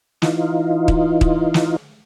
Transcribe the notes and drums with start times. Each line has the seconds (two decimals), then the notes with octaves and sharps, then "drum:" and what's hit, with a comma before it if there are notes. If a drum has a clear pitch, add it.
0.22 E3 D#4 F4, drum: snare
0.88 drum: kick
1.21 drum: kick
1.54 drum: snare